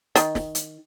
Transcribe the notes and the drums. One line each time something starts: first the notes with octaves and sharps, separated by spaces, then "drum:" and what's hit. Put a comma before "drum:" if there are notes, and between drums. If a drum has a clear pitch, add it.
D#3, drum: hi-hat
drum: snare
drum: hi-hat